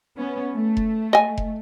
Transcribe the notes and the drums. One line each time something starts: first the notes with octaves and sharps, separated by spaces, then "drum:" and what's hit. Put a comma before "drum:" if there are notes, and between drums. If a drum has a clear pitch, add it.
B3 C#4
A3
drum: kick F1
D#5 G#5
drum: kick F1